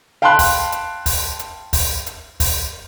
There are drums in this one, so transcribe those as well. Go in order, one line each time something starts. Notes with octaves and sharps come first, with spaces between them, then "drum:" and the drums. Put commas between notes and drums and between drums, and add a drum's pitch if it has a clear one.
F5 G5 A5 B5 C6 F#6
drum: kick, open hi-hat
drum: hi-hat
drum: kick, open hi-hat
drum: hi-hat
drum: kick, open hi-hat
drum: hi-hat
drum: kick, open hi-hat